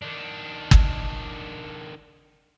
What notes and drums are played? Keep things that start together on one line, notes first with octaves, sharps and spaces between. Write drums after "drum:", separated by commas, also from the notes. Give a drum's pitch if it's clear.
D#3 D4
drum: kick